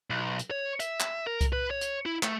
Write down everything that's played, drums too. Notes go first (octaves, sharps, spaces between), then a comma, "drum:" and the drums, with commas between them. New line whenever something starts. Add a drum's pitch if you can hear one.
B1
drum: hi-hat
C#5
E5, drum: hi-hat
drum: clap
A#4
drum: kick C2, hi-hat
B4
C#5
drum: hi-hat
E4
A3, drum: clap